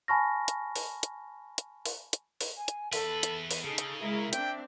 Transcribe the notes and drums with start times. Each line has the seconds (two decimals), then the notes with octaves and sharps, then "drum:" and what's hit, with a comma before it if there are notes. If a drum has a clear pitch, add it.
0.08 G#5 A5 B5 C#6 F6 A#6
0.48 drum: hi-hat
0.76 drum: open hi-hat
1.03 drum: hi-hat
1.58 drum: hi-hat
1.86 drum: open hi-hat
2.13 drum: hi-hat
2.41 drum: open hi-hat
2.57 G#5
2.68 drum: hi-hat
2.93 E2 A4 B4, drum: open hi-hat
3.23 drum: hi-hat
3.51 drum: open hi-hat
3.64 C#3 D#4 G#4 A4
3.78 drum: hi-hat
4.00 G#3 E4 A#4 E5
4.33 C4 D4 G5, drum: hi-hat